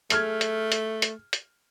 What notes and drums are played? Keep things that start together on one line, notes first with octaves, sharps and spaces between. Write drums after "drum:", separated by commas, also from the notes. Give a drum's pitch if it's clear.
A3 G#4 F6 G#6, drum: hi-hat
drum: hi-hat
drum: hi-hat
drum: hi-hat
drum: hi-hat